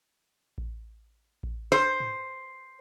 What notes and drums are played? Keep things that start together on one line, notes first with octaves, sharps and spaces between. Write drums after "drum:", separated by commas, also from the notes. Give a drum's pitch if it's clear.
drum: kick A1
drum: kick A1
C5
drum: tom